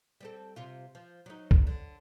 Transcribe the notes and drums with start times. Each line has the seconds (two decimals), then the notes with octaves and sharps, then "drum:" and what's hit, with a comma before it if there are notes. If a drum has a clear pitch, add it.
0.21 G3 C4 A4
0.56 C3 F4
0.95 F3
1.26 F#3 D#4
1.51 drum: kick
1.67 D3